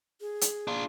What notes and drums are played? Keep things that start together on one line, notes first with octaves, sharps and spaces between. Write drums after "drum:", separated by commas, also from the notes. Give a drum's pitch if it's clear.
G#4
drum: hi-hat
D4 F4